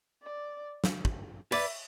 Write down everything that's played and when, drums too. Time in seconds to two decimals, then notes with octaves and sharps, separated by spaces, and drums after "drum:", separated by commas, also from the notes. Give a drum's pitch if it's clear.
0.22 D5
0.84 drum: snare
1.05 drum: kick
1.52 B4 D5 E5, drum: cymbal